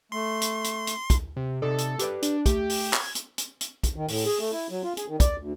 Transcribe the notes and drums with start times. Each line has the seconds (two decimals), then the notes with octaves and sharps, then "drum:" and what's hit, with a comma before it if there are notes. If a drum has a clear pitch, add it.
0.12 A3 C6
0.42 drum: hi-hat
0.64 drum: hi-hat
0.87 drum: hi-hat
1.10 drum: kick, hi-hat
1.37 C3
1.62 C3 D#4 A4 D5
1.78 drum: hi-hat
1.99 G4 B4 D5, drum: hi-hat
2.22 D4, drum: hi-hat
2.46 A3 G4, drum: kick, hi-hat
2.69 drum: open hi-hat
2.93 G#6, drum: clap
3.15 drum: hi-hat
3.38 drum: hi-hat
3.61 drum: hi-hat
3.83 drum: kick, hi-hat
3.96 D#3
4.08 A2, drum: open hi-hat
4.25 G#4
4.39 A3
4.52 E4
4.70 F#3
4.84 F4
4.97 G#4, drum: hi-hat
5.08 D#3
5.20 D5, drum: kick, hi-hat
5.40 D2